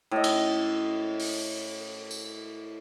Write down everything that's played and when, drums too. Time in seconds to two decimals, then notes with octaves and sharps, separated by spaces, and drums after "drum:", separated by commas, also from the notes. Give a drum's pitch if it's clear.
0.11 A2 D#5
0.24 drum: cymbal
1.20 drum: open hi-hat
2.11 drum: tambourine